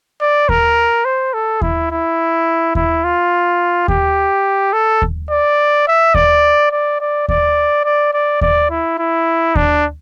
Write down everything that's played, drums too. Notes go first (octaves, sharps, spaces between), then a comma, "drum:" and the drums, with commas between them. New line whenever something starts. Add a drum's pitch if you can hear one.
D5
A#4, drum: kick D#2
C5
A4
E4, drum: kick D#2
E4
E4, drum: kick D#2
F4
G4, drum: kick D#2
A4
drum: kick D#2
D5
E5
D5, drum: kick D#2
D5
D5
D5, drum: kick D#2
D5
D5
D5, drum: kick D#2
E4
E4
D4, drum: kick D#2